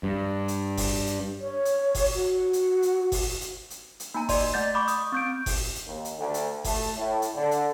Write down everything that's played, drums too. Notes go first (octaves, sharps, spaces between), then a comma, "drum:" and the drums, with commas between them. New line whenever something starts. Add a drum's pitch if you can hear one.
G2
drum: hi-hat
drum: kick F#1, open hi-hat
drum: hi-hat
C#5
drum: hi-hat
drum: kick F#1, open hi-hat
F#4
drum: hi-hat
drum: hi-hat
drum: kick F#1, open hi-hat
drum: hi-hat
drum: hi-hat
drum: hi-hat
A#3 D#4 G#5 A#5
D5 D#5 A#5 C6, drum: kick F#1, open hi-hat
A3 D#5 F#5 G6 A6
B5 C#6 D6
D#6, drum: hi-hat
C4 G6 D7
drum: kick F#1, open hi-hat
drum: hi-hat
D#2
drum: hi-hat
D2
drum: hi-hat
A3, drum: kick F#1, open hi-hat
A2
drum: hi-hat
D3
drum: hi-hat